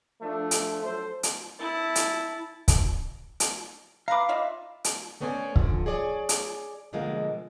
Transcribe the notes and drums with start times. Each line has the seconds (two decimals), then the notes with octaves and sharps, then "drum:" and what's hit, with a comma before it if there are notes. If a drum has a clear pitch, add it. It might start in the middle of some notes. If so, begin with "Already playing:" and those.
0.20 F3 A3 D4
0.51 drum: hi-hat
0.83 F#3 A4 C5
1.23 drum: hi-hat
1.59 E4 A5
1.96 drum: hi-hat
2.68 drum: kick, hi-hat
3.40 drum: hi-hat
4.08 B4 F5 A#5 D6
4.29 F4 D#5 E5
4.84 drum: hi-hat
5.21 A3 B3 C#4 C5 D5 G#5
5.56 D3 F3, drum: kick
5.86 G#4 C#5 D5 G#5
6.29 drum: hi-hat
6.93 B2 D3 F3 G#3 A#3